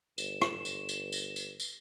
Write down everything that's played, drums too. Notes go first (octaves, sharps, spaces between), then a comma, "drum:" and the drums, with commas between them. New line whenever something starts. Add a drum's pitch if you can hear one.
G1 E7, drum: tambourine
drum: rim click
drum: tambourine
drum: tambourine
drum: tambourine
drum: tambourine
drum: tambourine